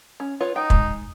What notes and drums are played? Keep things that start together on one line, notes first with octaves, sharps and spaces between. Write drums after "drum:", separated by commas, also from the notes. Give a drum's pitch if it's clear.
C#4
F4 B4 C#5
D#4 G5
G#3, drum: kick